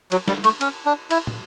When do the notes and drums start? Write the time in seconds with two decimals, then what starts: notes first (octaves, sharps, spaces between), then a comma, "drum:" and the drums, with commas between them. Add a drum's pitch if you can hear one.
0.12 F#3, drum: cymbal
0.28 G3, drum: snare
0.44 A3, drum: cymbal
0.61 C#4, drum: cymbal
0.86 D4
1.11 E4, drum: cymbal
1.27 drum: tom